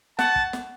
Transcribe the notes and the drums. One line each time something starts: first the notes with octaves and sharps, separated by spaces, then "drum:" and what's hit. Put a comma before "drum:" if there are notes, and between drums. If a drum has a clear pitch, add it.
F#5 A5, drum: snare
drum: kick
drum: snare